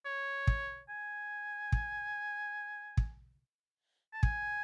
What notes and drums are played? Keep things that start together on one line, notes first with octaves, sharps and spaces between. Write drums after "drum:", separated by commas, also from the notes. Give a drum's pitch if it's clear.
C#5
drum: kick
G#5
drum: kick
drum: kick
A5
G#5, drum: kick